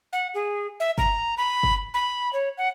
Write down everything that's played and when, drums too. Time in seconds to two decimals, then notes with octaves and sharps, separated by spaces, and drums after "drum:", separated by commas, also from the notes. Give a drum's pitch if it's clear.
0.13 F#5
0.34 G#4
0.80 E5
0.98 A#5, drum: kick
1.37 B5
1.63 drum: kick
1.94 B5
2.33 C#5
2.57 F#5